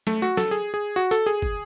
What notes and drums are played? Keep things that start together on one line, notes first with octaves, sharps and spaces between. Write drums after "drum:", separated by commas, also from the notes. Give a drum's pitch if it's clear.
A3, drum: snare
F#4
A4, drum: snare
G#4
G#4
F#4
A4, drum: hi-hat
G#4
drum: kick